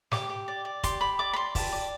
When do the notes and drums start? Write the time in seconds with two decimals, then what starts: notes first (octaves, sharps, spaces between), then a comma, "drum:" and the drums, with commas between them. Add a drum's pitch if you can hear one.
0.11 G4 D6, drum: snare
0.29 G4
0.48 D5
0.65 D5
0.83 G4 C6, drum: kick, hi-hat
1.01 G4 B5
1.19 D5 D6
1.33 B5
1.36 D5 C6
1.55 G4 A5, drum: kick, open hi-hat
1.72 D5